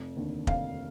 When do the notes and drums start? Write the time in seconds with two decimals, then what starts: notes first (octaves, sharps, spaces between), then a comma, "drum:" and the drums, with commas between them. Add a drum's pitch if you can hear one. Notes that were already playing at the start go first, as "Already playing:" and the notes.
Already playing: F1
0.16 D#2 D3
0.47 F1 F5, drum: kick